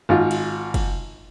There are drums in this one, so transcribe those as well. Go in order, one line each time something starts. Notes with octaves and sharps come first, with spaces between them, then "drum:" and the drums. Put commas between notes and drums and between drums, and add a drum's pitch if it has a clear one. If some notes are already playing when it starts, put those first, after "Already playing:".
G#1 F4
drum: cymbal
drum: kick, cymbal